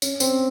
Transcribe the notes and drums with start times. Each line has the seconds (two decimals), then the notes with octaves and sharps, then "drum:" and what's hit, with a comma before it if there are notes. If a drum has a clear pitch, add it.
0.02 C#4, drum: tambourine
0.20 C4, drum: tambourine